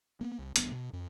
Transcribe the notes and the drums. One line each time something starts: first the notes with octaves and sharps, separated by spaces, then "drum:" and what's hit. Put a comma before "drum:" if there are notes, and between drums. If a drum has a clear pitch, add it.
A#3 B3
C2
D1 A1 G2 B3, drum: hi-hat
B2
F2